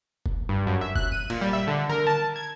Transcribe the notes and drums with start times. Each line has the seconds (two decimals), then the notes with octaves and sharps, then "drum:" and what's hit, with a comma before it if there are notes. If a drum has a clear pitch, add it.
0.26 drum: kick F1
0.49 G2
0.67 F#2
0.81 E5
0.96 F#6, drum: kick F1
1.12 D#7
1.30 A#2, drum: cymbal
1.41 G3
1.53 E5
1.67 D3
1.89 A#4, drum: tom D3
2.07 A5
2.36 G#6